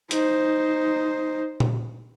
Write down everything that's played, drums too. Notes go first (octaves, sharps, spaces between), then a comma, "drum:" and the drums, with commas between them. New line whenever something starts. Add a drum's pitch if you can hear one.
D#4 C5, drum: hi-hat
drum: tom A#2